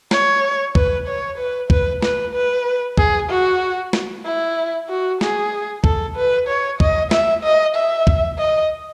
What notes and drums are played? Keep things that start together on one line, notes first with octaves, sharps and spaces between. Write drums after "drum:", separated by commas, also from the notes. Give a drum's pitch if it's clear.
C#5, drum: snare
B4, drum: kick
C#5
B4
B4, drum: kick
B4, drum: snare
B4
G#4, drum: kick
F#4
drum: snare
E4
F#4
G#4, drum: snare
A4, drum: kick
B4
C#5
D#5, drum: kick
E5, drum: snare
D#5
E5
drum: kick
D#5